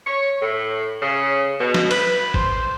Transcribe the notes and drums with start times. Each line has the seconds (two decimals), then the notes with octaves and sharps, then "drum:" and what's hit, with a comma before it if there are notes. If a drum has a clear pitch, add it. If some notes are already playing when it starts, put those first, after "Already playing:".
0.07 C#5
0.42 A2
1.02 C#3
1.60 B2
1.74 drum: snare
1.91 B4, drum: cymbal
2.34 C5, drum: kick G#1